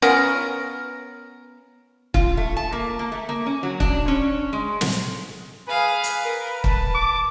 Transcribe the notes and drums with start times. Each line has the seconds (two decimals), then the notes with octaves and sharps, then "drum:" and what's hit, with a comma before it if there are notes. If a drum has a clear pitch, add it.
0.02 B3 C#4 F4 A#4
2.14 F4, drum: kick
2.37 A3
2.57 A5
2.72 A#3
2.99 A#3
3.12 A3
3.29 A#3
3.46 C#4
3.63 F#3
3.80 D4, drum: kick
4.08 C#4
4.53 G#3
4.81 drum: snare
5.68 G#4 B4 F5
6.04 drum: hi-hat
6.23 A#4
6.64 A5, drum: kick
6.95 D6